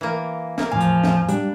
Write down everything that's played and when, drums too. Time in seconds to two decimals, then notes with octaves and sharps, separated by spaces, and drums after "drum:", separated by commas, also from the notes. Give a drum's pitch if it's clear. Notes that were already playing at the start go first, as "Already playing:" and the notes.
0.01 E3 A#3
0.58 A#3, drum: snare
0.71 E2 A2 F3 F5 G#5
0.81 drum: hi-hat
1.04 drum: snare
1.29 G3 D4, drum: hi-hat